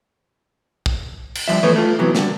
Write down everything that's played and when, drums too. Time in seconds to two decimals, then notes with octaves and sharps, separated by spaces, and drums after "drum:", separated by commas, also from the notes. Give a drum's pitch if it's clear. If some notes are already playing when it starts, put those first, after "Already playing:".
0.86 drum: kick
1.35 drum: cymbal
1.48 G2 D#3 F3 E5
1.63 E3 F3 A3 B3 B4 C#5
1.76 A3 F4
1.99 C3 E3 F#3 B3
2.15 G2 D3, drum: snare